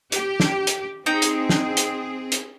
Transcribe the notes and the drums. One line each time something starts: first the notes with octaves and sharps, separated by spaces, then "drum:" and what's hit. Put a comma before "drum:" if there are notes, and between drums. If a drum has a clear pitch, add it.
G4, drum: hi-hat
drum: snare
drum: hi-hat
C4 D#4 G#4 G5 A#5
drum: hi-hat
drum: snare
drum: hi-hat
drum: hi-hat